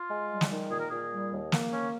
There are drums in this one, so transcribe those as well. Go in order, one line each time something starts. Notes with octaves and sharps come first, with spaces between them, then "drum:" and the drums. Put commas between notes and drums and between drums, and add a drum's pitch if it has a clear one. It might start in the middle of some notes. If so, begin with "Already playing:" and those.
Already playing: F4
G#3
G3
drum: snare
D#3
A#2 G#4
A#4
A#2 G#4
G3
D#2
A#3, drum: snare
C#4